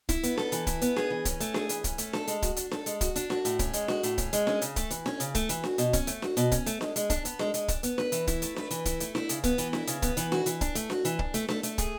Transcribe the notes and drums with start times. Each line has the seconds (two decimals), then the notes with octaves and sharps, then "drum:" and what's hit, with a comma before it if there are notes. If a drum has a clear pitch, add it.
0.09 E4, drum: kick, hi-hat
0.23 B3, drum: hi-hat
0.38 A4, drum: snare D4
0.52 E3, drum: hi-hat
0.67 E4, drum: kick, hi-hat
0.82 B3, drum: hi-hat
0.96 G#4, drum: snare D4
1.10 E3
1.25 C#4, drum: kick, hi-hat
1.40 A3, drum: hi-hat
1.54 G#4, drum: snare D4
1.69 E3, drum: hi-hat
1.84 C#4, drum: kick, hi-hat
1.98 A3, drum: hi-hat
2.13 A4, drum: snare D4
2.27 G#3, drum: hi-hat
2.42 F#4, drum: kick, hi-hat
2.56 D4, drum: hi-hat
2.71 A4, drum: snare D4
2.86 G#3, drum: hi-hat
3.01 F#4, drum: kick, hi-hat
3.16 D4, drum: hi-hat
3.30 F#4, drum: snare D4
3.45 A2, drum: hi-hat
3.59 C#4, drum: kick, hi-hat
3.73 G#3, drum: hi-hat
3.88 F#4, drum: snare D4
4.03 A2, drum: hi-hat
4.18 C#4, drum: kick, hi-hat
4.33 G#3, drum: hi-hat
4.47 C#4, drum: snare D4
4.62 C#3, drum: hi-hat
4.76 A3, drum: kick, hi-hat
4.91 E3, drum: hi-hat
5.06 C#4, drum: snare D4
5.20 C#3, drum: hi-hat
5.35 A3, drum: kick, hi-hat
5.49 E3, drum: hi-hat
5.64 F#4, drum: snare D4
5.78 B2, drum: hi-hat
5.93 C#4, drum: kick, hi-hat
6.07 A3, drum: hi-hat
6.22 F#4, drum: snare D4
6.37 B2, drum: hi-hat
6.52 C#4, drum: kick, hi-hat
6.66 A3, drum: hi-hat
6.81 G#3, drum: snare D4
6.96 G#3, drum: hi-hat
7.10 D4, drum: kick, hi-hat
7.25 B3, drum: hi-hat
7.39 G#3, drum: snare D4
7.54 G#3, drum: hi-hat
7.68 D4, drum: kick, hi-hat
7.83 B3, drum: hi-hat
7.98 B4, drum: snare D4
8.12 E3, drum: hi-hat
8.27 E4, drum: kick, hi-hat
8.42 A3, drum: hi-hat
8.56 B4, drum: snare D4
8.71 E3, drum: hi-hat
8.85 E4, drum: kick, hi-hat
9.00 A3, drum: hi-hat
9.15 E4, drum: snare D4
9.29 C#3, drum: hi-hat
9.44 B3, drum: kick, hi-hat
9.58 E3, drum: hi-hat
9.73 E4, drum: snare D4
9.87 C#3, drum: hi-hat
10.02 B3, drum: kick, hi-hat
10.17 E3, drum: hi-hat
10.32 F#4, drum: snare D4
10.46 E3, drum: hi-hat
10.61 D4, drum: kick, hi-hat
10.75 A3, drum: hi-hat
10.90 F#4, drum: snare D4
11.05 E3, drum: hi-hat
11.19 D4, drum: kick
11.34 A3, drum: hi-hat
11.49 A3, drum: snare D4
11.63 A3, drum: hi-hat
11.78 G#4, drum: kick, hi-hat